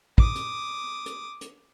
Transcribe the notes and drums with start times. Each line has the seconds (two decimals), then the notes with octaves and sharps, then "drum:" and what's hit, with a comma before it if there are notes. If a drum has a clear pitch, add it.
0.18 D6 D#6, drum: kick
0.36 drum: hi-hat
1.06 drum: hi-hat
1.41 drum: hi-hat